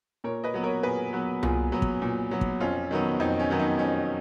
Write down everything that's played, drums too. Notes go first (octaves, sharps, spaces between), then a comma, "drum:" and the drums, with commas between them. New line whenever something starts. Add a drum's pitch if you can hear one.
A#2 A#4 C#5
B4 D#5
F#3 B3
A#4 C#5
A#2 G#4 B4
F#3 B3
A#2 F4 G#4, drum: tom C2
F#3 B3
drum: kick
A#2
F#3 B3
drum: kick
F2 C#4 F4
D#3 F#3 B3
F2 D#4
C#4
D#3 F#3 B3
D#4
F2 C#4